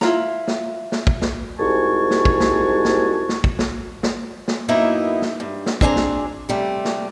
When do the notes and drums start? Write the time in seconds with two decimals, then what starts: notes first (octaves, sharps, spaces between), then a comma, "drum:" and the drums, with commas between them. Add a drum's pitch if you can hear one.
0.01 E4 F4 A#5, drum: snare
0.48 drum: snare
0.92 drum: snare
1.07 drum: kick
1.22 drum: snare
1.58 C2 G#2 F#4 G#5 A5 C#6
2.11 drum: snare
2.25 drum: kick
2.40 drum: snare
2.85 drum: snare
3.29 drum: snare
3.44 drum: kick
3.59 drum: snare
4.03 drum: snare
4.48 drum: snare
4.68 F#2 A#3 B3 D#4 E4 E5
5.22 drum: snare
5.40 G2
5.66 drum: snare
5.81 C4 D4 G#4 G#5 A#5, drum: kick
5.96 drum: snare
6.49 C3 G3 A3
6.85 drum: snare